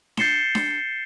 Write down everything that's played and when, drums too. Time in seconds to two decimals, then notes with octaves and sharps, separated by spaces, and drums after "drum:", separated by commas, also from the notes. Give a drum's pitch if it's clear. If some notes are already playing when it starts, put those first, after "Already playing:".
0.17 G6 A6 C7 C#7 E7 G7, drum: snare D4
0.55 drum: snare D4